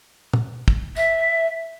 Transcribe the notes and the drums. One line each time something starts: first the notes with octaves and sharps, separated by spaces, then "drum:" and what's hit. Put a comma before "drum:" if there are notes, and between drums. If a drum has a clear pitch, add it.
drum: tom
drum: kick
E5, drum: tambourine